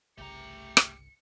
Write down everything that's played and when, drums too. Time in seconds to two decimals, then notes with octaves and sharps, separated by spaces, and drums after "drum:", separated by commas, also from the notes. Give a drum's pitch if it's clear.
0.18 G1 C2 C#3 A3 G4 A#5 C#7
0.77 drum: rim click